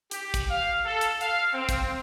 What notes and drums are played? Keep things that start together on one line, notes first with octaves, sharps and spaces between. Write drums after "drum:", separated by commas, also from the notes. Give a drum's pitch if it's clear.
G4, drum: hi-hat
drum: kick, hi-hat
F5
A4
drum: hi-hat
F5, drum: hi-hat
C4
drum: kick, hi-hat